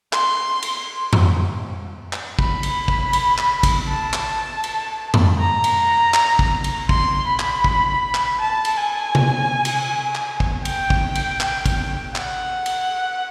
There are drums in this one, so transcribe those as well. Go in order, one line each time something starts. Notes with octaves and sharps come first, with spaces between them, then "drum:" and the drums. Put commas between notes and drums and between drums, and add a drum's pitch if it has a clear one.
C6, drum: clap
drum: cymbal
drum: tom F2
drum: clap
B5, drum: kick
drum: cymbal
drum: kick
drum: cymbal
drum: clap
drum: kick, cymbal
A5
drum: clap
drum: cymbal
drum: tom F2
A#5
drum: cymbal
drum: clap
drum: kick
drum: cymbal
C6, drum: kick
B5
drum: clap
drum: kick
drum: clap
A5
drum: cymbal
G#5
drum: tom C3
drum: cymbal
drum: clap
drum: kick
G5, drum: cymbal
drum: kick
drum: cymbal
drum: clap
drum: kick, cymbal
F#5, drum: clap
drum: cymbal